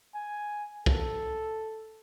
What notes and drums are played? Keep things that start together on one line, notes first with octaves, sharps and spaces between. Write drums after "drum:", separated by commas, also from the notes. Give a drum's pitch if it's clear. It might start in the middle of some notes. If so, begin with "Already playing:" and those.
G#5
A4, drum: kick B1